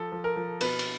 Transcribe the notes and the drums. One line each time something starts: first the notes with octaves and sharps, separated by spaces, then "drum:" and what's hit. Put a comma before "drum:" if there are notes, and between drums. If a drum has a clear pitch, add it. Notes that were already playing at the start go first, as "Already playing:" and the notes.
Already playing: F3 A4
F3
A#4
F3
B2 B4, drum: cymbal
drum: cymbal